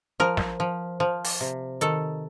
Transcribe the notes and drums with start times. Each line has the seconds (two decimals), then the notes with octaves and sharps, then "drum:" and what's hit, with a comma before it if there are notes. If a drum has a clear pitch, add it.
0.20 F3 A#4
0.37 drum: snare
0.60 F3
1.00 F3
1.24 drum: open hi-hat
1.41 C3
1.81 D#3 A4, drum: hi-hat